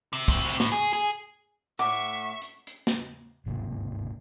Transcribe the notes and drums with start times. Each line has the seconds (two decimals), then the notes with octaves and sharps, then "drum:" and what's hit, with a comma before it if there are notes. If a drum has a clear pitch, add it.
0.13 C3
0.28 D2 C3, drum: kick
0.60 A2, drum: snare
0.72 G#4
0.93 G#4
1.79 A2 E5 F#5 C#6 D6
2.42 drum: hi-hat
2.67 drum: hi-hat
2.87 drum: snare
3.46 G1 G#2 C3 A#3